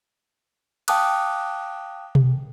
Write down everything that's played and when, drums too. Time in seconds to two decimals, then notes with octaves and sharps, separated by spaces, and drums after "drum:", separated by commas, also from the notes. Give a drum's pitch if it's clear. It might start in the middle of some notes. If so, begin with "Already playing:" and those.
0.88 F5 G5 A5 D6 D#6 F#6, drum: cymbal
2.15 drum: tom B2